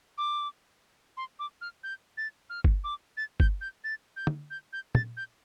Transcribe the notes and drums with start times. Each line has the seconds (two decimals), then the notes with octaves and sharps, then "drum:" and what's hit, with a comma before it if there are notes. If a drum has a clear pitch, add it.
0.18 D6
1.17 C6
1.39 D6
1.61 F6
1.84 G6
2.17 A6
2.50 F6
2.64 drum: kick G1
2.84 D6
3.17 A6
3.40 G6, drum: kick G1
3.61 G6
3.84 A6
4.17 G6
4.27 drum: tom
4.51 G6
4.73 G6
4.95 A6, drum: tom
5.17 G6